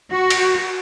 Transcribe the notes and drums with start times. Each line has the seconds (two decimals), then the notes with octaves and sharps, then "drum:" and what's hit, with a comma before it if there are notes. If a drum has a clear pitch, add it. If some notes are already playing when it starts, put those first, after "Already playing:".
0.10 F#4
0.30 drum: cymbal